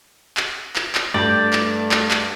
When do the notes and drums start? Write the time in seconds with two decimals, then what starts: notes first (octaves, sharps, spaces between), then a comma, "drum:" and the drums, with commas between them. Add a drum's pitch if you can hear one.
0.37 drum: clap
0.76 drum: clap
0.95 drum: clap
1.14 G2 A3 D5 G5
1.53 drum: clap
1.92 drum: clap
2.11 drum: clap